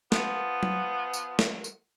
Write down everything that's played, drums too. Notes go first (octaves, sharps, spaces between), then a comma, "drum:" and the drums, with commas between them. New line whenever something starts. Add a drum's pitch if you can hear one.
F3 B3, drum: snare
drum: tom F#3
drum: tambourine
drum: snare
drum: tambourine